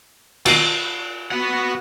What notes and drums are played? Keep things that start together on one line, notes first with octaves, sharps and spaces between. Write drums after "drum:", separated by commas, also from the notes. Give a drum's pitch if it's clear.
B2 D#3 A#3 F4 D5 D#5, drum: cymbal
F#4 B4 F#5